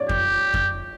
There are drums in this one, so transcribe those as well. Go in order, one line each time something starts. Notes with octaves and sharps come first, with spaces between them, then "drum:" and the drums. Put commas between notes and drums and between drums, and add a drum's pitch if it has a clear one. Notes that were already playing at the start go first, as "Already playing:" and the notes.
Already playing: C#5 D5
G4, drum: kick F2
drum: kick F2